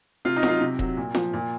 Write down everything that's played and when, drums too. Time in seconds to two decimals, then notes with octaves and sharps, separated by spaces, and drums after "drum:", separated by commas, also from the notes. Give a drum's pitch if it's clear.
0.25 C3 F4
0.37 D#4
0.43 F#3, drum: snare F4
0.48 F4
0.61 C3
0.79 F#3, drum: kick E1
0.97 A#2
1.15 F3, drum: snare F4
1.34 A#2